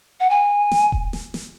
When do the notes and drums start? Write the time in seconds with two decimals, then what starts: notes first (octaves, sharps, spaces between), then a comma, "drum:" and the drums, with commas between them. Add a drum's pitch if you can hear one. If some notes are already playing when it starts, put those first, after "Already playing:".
0.20 F#5
0.30 G#5
0.71 drum: snare
0.92 drum: kick D#1
1.13 drum: snare
1.34 drum: snare